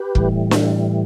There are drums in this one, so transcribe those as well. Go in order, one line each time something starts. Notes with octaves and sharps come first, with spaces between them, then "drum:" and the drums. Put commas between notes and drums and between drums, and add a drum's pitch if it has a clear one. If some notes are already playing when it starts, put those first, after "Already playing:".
Already playing: G4 B4
A2 E3 G3, drum: kick
drum: snare